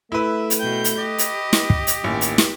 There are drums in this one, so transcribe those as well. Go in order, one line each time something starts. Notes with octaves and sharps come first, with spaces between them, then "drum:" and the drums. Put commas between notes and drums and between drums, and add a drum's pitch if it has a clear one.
A3 E4 B4 E5
drum: hi-hat
B2 G5 G6
drum: hi-hat
G4 D#5
drum: hi-hat
drum: snare
drum: kick
drum: hi-hat
A1 D#2
drum: hi-hat
drum: snare